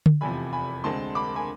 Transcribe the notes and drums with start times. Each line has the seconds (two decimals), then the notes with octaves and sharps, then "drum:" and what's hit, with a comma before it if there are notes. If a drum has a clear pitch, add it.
0.06 drum: tom D3
0.21 F1 E2 C3 F3 G#5 B5
0.53 G#5 B5
0.84 D2 D3 G#3 C4 A5 C6
1.15 B5 D6
1.36 G#5 B5